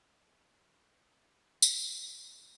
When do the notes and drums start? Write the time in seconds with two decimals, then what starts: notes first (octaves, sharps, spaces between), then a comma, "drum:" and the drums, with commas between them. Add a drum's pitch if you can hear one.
0.04 C#2 F3 B3 C#4
0.80 B3 C5 D#5
1.62 G#3, drum: tambourine